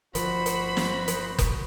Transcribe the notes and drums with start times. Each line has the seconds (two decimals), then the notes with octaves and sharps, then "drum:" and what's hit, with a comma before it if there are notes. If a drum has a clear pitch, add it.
0.15 G1 F3 F#4 C5 B5, drum: hi-hat
0.46 drum: hi-hat
0.77 drum: snare
1.08 drum: hi-hat
1.39 drum: kick F#1, hi-hat